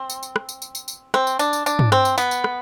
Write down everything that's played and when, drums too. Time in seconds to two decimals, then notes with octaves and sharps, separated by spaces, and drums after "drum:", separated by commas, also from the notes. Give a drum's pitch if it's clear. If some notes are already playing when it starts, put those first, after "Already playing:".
Already playing: C4
0.10 drum: tambourine
0.23 drum: tambourine
0.36 drum: rim click
0.49 drum: tambourine
0.62 drum: tambourine
0.75 drum: tambourine
0.88 drum: tambourine
1.14 C4, drum: rim click
1.27 drum: tambourine
1.39 D4, drum: tambourine
1.53 drum: tambourine
1.66 D4, drum: tambourine
1.79 drum: tom
1.92 C4, drum: rim click
2.05 drum: tambourine
2.18 B3, drum: tambourine
2.31 drum: tambourine
2.44 drum: rim click